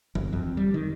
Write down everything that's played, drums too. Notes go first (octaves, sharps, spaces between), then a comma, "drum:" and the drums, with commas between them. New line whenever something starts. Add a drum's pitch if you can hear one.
G1, drum: tom E3
F2
G3
D#3